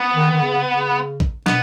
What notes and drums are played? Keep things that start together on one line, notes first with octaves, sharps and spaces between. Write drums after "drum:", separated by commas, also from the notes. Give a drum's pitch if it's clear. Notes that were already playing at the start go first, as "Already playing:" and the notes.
Already playing: B3
D#3
D#3
C#3
C#3
drum: kick A#1
B2 B3, drum: snare